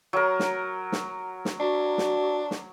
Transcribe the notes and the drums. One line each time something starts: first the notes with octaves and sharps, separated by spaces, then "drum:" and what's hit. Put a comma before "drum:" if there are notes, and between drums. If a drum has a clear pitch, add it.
F#3 A#4
drum: snare
drum: snare
drum: snare
D4 F#4
drum: snare
drum: snare